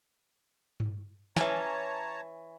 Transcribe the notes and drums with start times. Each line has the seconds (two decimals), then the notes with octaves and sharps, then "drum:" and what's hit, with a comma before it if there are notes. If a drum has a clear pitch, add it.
0.80 drum: tom G2
1.36 E3 C#4 C#5 A5 A#5, drum: snare